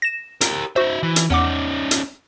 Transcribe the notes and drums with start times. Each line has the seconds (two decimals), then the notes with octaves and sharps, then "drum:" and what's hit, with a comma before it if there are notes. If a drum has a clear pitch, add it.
0.02 A#6 E7
0.41 G4 A#4, drum: hi-hat
0.76 D#4 F#4 C5 E5
1.03 E3
1.16 drum: hi-hat
1.30 E2 C#4 D#4 F#5 D6
1.91 drum: hi-hat